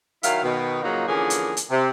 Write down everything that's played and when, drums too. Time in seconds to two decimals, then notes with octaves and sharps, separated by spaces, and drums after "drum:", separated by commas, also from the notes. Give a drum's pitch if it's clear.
0.23 D#3 F#3 E4 F5, drum: hi-hat
0.43 B2 D#3
0.83 A#2 C#3 F3 F#3 A#3 D#4
1.08 D3 E3 F3 A#3 C#4 G#4
1.30 drum: hi-hat
1.57 drum: hi-hat
1.71 C3